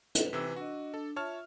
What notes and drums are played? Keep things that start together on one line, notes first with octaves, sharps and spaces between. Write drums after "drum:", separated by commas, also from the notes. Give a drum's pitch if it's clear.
B4, drum: hi-hat
C3 E3 E6
D4 F#4 D#5
D4 A4
F4 C#5 E5 A5 F6